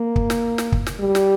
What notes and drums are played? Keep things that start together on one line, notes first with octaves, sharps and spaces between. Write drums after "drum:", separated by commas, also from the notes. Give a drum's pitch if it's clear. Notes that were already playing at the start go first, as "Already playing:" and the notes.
Already playing: A#3
drum: kick
drum: snare
drum: snare
drum: kick
drum: snare
G3
drum: snare